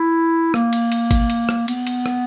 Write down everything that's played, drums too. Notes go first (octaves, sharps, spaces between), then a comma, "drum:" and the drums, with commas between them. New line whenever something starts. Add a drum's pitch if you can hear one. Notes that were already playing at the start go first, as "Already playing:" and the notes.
Already playing: E4
A#3, drum: rim click
drum: cymbal
drum: cymbal
drum: kick G#1, cymbal
drum: cymbal
drum: rim click
B3, drum: cymbal
drum: cymbal
drum: rim click